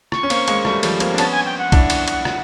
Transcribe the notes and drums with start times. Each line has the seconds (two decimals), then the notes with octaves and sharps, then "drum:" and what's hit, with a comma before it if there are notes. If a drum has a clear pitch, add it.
0.12 C#6, drum: rim click
0.23 C#4
0.30 A#3 C4, drum: cymbal
0.48 G#3 A#3, drum: cymbal
0.65 G3 A3, drum: rim click
0.83 F3 G3, drum: cymbal
1.00 A#3 C4, drum: cymbal
1.14 D4
1.18 B3 C#4 A5, drum: cymbal
1.31 G#5
1.46 G5
1.59 F#5
1.72 D4 E4, drum: kick, cymbal
1.90 drum: cymbal
2.08 drum: cymbal
2.25 drum: rim click